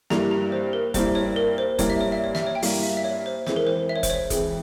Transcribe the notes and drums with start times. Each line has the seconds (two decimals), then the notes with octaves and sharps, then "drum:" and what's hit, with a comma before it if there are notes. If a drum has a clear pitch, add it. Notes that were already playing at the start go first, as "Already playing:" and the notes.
0.10 G2 G3 A#3 E4 A#5, drum: snare
0.31 A#5
0.52 C5
0.73 A#4
0.94 G2 G3 A#3 E4 C5, drum: kick E1, hi-hat
1.15 C#5
1.36 A#4
1.58 C5
1.79 G2 G3 A#3 E4 C#5, drum: kick E1, hi-hat
1.90 E5
2.01 C#5
2.12 E5
2.24 C#5
2.35 E5, drum: snare
2.47 C#5
2.55 G5
2.62 G2 G3 A#3 E4 F5, drum: open hi-hat
2.83 E5
2.97 E5
3.04 C#5
3.26 C5
3.46 F2 E3 G#3 E4 G#4 C5, drum: snare
3.56 A#4
3.67 C5
3.89 E5
3.96 C#5
4.03 C5, drum: kick E1, hi-hat
4.10 C#5
4.30 F2 E3 G#3 E4 G#4, drum: kick E1, hi-hat